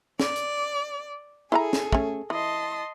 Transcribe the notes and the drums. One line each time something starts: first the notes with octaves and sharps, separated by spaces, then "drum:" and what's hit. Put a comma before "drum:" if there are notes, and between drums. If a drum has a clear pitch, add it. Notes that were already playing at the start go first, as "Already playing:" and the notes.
D5, drum: snare
drum: hi-hat
E4 G#4 A4 F5 A#5
drum: snare
A3 C#4, drum: kick
E3 D#5 A5 C6